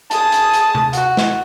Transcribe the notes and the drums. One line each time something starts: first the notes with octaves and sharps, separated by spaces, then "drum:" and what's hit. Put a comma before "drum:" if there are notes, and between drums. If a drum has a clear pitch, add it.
G#4 A5 D#6, drum: hi-hat
drum: hi-hat
drum: hi-hat
drum: tom C3
F#4, drum: hi-hat
drum: snare